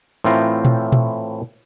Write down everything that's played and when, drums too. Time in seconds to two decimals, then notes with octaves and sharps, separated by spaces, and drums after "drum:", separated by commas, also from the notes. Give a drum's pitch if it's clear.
0.24 A2 E3 C4 F4 G5 A#5
0.65 drum: tom A#2
0.92 drum: tom A#2